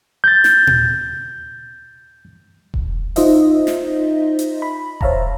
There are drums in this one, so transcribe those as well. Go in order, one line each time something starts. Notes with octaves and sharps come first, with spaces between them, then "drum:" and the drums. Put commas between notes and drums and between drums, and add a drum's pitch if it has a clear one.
G6 A6
drum: snare
drum: tom A#2
drum: kick E1
D#4 F4 C5 D#5 E5, drum: open hi-hat
drum: snare
drum: hi-hat
B5
C5 C#5 E5 F5 A5 A#5, drum: kick E1